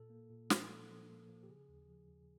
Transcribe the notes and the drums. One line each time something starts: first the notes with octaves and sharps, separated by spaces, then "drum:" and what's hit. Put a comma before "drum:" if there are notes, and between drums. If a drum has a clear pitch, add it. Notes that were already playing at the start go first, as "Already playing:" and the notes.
Already playing: A#2 A4
A#3
A#2
F3, drum: snare
A#3 A4
F3
A#3
F3
G4
C#3 G#4
D#2
F3
D#2